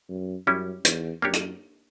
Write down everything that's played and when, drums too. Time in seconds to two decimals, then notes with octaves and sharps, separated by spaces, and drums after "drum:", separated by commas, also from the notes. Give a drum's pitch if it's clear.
0.09 F#2
0.47 F#2 G3 C#4 E4
0.85 E2, drum: hi-hat
1.22 F#2 A#3 D4 G4 C#5
1.33 drum: hi-hat